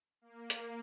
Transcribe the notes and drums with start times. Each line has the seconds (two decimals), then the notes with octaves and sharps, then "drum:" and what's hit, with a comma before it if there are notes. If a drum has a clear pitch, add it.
0.21 A#3
0.50 drum: hi-hat